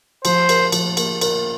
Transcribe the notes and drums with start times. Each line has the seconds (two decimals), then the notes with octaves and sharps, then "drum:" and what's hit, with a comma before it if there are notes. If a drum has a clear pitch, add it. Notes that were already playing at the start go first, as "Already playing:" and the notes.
0.25 F3 C5, drum: cymbal
0.49 A#4, drum: cymbal
0.72 F3, drum: cymbal
0.97 A#3, drum: cymbal
1.21 A#4, drum: cymbal